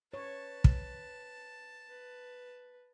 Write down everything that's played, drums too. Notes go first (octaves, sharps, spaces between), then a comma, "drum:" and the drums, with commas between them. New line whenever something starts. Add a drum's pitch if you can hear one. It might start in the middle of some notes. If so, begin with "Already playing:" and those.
B4 C#5 A5
drum: kick
B4